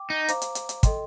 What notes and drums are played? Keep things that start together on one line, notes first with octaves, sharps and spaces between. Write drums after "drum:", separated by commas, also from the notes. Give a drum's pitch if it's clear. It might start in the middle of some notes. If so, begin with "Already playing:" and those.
Already playing: G5 D6
D#4
C5 F5 A#5 D6, drum: hi-hat
drum: hi-hat
drum: hi-hat
drum: hi-hat
A4 D#5 G5 C6, drum: kick, hi-hat